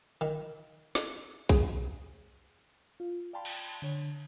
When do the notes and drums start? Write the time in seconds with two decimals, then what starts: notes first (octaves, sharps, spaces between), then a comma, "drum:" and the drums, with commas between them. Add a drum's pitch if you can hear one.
0.21 D#3
0.95 drum: snare
1.49 G#4, drum: kick B1
3.00 F4
3.33 D5 F5 G5 A5 B5 C6
3.45 drum: cymbal
3.82 D3 C#5